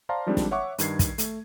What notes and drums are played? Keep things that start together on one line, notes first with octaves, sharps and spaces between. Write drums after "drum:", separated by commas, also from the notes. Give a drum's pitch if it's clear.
C5 D5 F5 A5 A#5 C6
D#3 F3 G3 G#3 C4 D4
drum: snare
C#5 E5 F#5 C#6 D6
G2 D#3 G#6 C7, drum: hi-hat
drum: kick, hi-hat
A3, drum: hi-hat